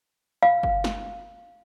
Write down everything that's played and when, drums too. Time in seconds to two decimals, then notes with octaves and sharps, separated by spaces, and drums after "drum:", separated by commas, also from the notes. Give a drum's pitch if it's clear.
0.43 F5
0.63 drum: kick G1
0.84 drum: snare